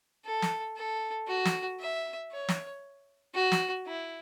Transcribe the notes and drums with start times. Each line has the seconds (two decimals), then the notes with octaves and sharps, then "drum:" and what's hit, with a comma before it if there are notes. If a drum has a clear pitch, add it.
0.25 A4
0.42 drum: snare
0.76 A4
1.28 F#4
1.45 drum: snare
1.80 E5
2.32 C#5
2.49 drum: snare
3.34 F#4
3.52 drum: snare
3.86 E4